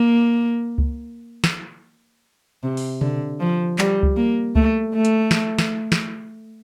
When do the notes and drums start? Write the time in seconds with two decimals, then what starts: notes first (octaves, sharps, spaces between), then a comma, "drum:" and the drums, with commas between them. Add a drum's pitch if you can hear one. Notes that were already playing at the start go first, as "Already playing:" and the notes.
Already playing: A#3
0.78 drum: kick C#2
1.44 drum: snare
2.63 C3
2.77 drum: open hi-hat
3.01 D3, drum: tom B2
3.40 F3
3.79 G3, drum: clap
4.03 drum: kick C#2
4.16 A#3
4.55 A3, drum: kick C#2
4.94 A3
5.05 drum: hi-hat
5.31 drum: snare
5.59 drum: snare
5.92 drum: snare